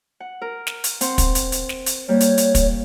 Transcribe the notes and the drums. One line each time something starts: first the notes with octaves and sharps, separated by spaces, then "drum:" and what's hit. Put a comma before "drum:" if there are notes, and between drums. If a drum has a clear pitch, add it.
F#5
A#4
drum: snare
drum: hi-hat
C4 F#5 C6, drum: hi-hat
drum: kick, hi-hat
drum: hi-hat
drum: hi-hat
drum: snare
drum: hi-hat
G3 A#3 C#5
drum: hi-hat
drum: hi-hat
drum: kick, hi-hat